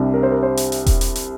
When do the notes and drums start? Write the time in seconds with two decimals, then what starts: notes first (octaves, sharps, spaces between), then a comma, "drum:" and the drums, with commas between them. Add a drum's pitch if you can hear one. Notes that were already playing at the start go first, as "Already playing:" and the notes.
Already playing: C2 C3 G3 D4
0.14 A#4
0.23 C5
0.31 A#4
0.43 C5
0.57 drum: hi-hat
0.72 drum: hi-hat
0.86 drum: kick E1, hi-hat
1.01 drum: hi-hat
1.16 drum: hi-hat